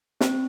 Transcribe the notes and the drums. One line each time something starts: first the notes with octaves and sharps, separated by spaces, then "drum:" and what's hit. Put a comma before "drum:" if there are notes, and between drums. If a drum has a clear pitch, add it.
C4, drum: snare